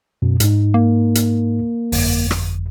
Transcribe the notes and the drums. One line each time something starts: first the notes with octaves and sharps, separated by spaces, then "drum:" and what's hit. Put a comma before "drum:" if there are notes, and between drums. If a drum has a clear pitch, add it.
F#2 B2
G#2 D#4, drum: hi-hat
A#3
drum: hi-hat
G1 F2, drum: open hi-hat
drum: rim click